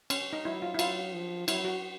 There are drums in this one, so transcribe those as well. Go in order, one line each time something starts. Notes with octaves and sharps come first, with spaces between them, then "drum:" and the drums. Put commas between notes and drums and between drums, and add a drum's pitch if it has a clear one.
C#4, drum: cymbal
D#4
F#3 E4
F4
E4
F#3 F4, drum: cymbal
F3
F#3 E4, drum: cymbal
F#4